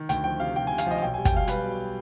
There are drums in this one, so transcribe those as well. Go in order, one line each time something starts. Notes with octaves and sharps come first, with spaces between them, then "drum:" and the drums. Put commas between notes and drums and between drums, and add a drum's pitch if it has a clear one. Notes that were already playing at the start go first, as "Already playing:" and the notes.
Already playing: D#3
D2 G5, drum: hi-hat
F3 G5
C3 F5
C3 G5
C3 G#5
F5, drum: hi-hat
F3 D#5
F5
B1 G5
G3 G#5
G5, drum: kick, hi-hat
B1 F5
G3 B4, drum: hi-hat
B2